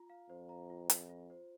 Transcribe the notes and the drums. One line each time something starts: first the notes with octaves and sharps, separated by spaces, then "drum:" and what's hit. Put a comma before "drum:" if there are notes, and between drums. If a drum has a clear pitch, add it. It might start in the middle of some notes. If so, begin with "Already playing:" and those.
Already playing: F4 A#5
F5
F2 C5
A#5
F4
F4, drum: hi-hat
F4
C5